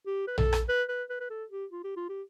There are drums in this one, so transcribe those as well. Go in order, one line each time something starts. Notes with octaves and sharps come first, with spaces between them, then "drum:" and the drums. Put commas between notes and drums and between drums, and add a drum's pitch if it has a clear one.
G4
B4
A4, drum: tom A#1
drum: rim click
B4
B4
B4
B4
A4
G4
F4
G4
F4
G4